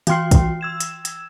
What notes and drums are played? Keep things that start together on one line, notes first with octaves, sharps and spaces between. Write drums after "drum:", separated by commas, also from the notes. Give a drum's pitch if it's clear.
E3 F#4 G5 C6 F6 C7, drum: hi-hat
drum: kick, hi-hat
E6 G#6 E7
drum: hi-hat
drum: hi-hat